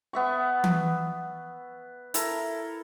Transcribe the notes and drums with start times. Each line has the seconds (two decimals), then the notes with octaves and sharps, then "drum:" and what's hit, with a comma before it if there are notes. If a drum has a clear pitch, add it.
0.13 B3 E5 C#6
0.64 drum: tom E3
2.14 E4 A4 A#4, drum: hi-hat